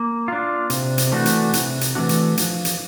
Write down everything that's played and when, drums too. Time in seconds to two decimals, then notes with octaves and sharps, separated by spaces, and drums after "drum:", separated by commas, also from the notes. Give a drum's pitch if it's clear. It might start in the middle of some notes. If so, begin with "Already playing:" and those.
Already playing: A#3
0.28 D4 F4
0.70 C3, drum: hi-hat
0.98 drum: hi-hat
1.12 E3 A3 D4 F#4
1.26 drum: hi-hat
1.53 C3, drum: hi-hat
1.81 drum: hi-hat
1.95 E3 A3 D4 F#4
2.09 drum: hi-hat
2.37 F3, drum: hi-hat
2.65 drum: hi-hat